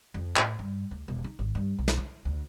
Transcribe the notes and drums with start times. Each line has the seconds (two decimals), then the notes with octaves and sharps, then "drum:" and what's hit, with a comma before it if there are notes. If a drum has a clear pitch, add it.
0.14 F2
0.36 A2, drum: clap
0.59 G2
0.91 D2
1.08 E1
1.24 D#4
1.39 G#1
1.55 G2
1.79 B1
1.88 drum: snare
1.97 E4
2.25 D2